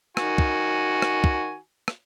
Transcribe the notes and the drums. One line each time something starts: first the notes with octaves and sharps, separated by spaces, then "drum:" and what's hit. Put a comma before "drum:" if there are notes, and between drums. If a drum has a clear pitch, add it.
D#3 F#4 G#5, drum: rim click
drum: kick
drum: rim click
drum: kick
drum: rim click